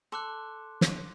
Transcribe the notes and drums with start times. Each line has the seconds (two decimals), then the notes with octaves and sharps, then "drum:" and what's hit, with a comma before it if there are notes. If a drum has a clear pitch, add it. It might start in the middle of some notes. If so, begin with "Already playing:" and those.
0.12 A4 C6 D6 F#6
0.81 drum: snare